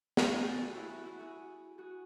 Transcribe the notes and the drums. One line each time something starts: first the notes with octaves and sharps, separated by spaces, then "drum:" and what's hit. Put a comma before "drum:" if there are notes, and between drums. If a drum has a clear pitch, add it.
A#4 C5, drum: snare
G#4 A#4
G4 A4
F#4 G#4
E4 F#4
E4 F#4
E4 F#4
F#4 G#4
F#4 G#4